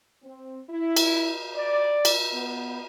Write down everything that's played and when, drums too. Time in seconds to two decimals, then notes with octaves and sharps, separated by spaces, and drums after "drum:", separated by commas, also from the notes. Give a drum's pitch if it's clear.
0.24 C4
0.69 E4
0.97 drum: cymbal
1.55 D5
2.05 drum: cymbal
2.34 B3